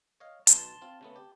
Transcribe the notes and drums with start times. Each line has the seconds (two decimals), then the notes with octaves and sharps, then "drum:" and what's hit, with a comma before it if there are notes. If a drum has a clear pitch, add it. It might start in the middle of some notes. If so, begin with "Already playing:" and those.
0.20 C#5 D#5 F5
0.47 B1 B2 A5 C6, drum: hi-hat
0.81 C4 F4
1.01 C#3 A3 B3
1.16 G4